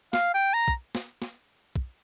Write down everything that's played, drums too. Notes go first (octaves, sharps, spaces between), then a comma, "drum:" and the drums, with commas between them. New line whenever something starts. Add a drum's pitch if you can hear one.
F5, drum: snare
G5
A#5
drum: kick
drum: snare
drum: snare
drum: kick